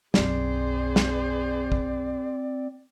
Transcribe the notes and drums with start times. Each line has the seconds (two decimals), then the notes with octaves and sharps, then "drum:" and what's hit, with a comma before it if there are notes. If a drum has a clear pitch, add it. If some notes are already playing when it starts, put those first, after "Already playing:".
0.14 B1 F#2 C4 G#4 C5 D5, drum: snare
0.96 drum: snare
1.72 drum: kick